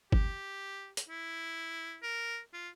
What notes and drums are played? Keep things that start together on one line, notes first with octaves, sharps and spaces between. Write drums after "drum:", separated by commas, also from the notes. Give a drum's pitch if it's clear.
G4, drum: kick
drum: hi-hat
E4
A#4
F4